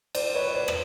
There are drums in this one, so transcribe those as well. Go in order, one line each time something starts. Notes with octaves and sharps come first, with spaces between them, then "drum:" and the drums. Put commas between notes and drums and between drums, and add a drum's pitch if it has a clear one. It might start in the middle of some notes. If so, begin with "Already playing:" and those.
C5 D5, drum: cymbal
B4 C#5
C5 D5
drum: rim click